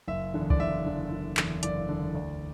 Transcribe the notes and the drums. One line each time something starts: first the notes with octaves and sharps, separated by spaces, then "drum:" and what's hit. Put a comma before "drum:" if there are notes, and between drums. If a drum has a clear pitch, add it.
F#1 E5
E2 D3
D5, drum: kick
F#1 E5
E2 D3
F#1
E2 D3, drum: clap
F#1 D5, drum: hi-hat
E2 D3
D2